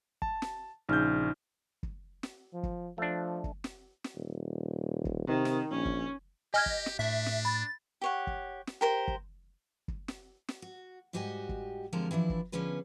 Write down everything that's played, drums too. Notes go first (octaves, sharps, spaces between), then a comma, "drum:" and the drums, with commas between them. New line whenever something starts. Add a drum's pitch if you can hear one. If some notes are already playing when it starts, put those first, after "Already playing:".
A5, drum: kick
drum: snare
A#1 C#3 D#4 F6 G6
drum: kick
drum: snare
F3
drum: kick
F3 A3 D4
drum: kick
drum: snare
drum: snare
D#1
drum: kick
C3 D#3
drum: snare
A#1 C#4
drum: kick
G4 D#5 G#5 F6 G#6
drum: kick
drum: snare
A2 D4 E5
drum: snare
B5 A6
G4 C#5 F#5
drum: kick
drum: snare
G4 A#4 C5
drum: kick
drum: kick
drum: snare
drum: snare
F#4
G#2 G3 F#4 G4 D#5 G#5
drum: kick
F2 D3 F3 G#3 A#4 A5
E3 F3 D4 E4
drum: kick
D3 F3 B3 C#4 G#4 B4